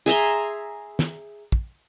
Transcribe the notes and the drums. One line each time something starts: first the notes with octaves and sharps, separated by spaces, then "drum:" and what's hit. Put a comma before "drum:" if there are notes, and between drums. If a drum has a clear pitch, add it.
G#4 E5 A#5 C6
drum: snare
drum: kick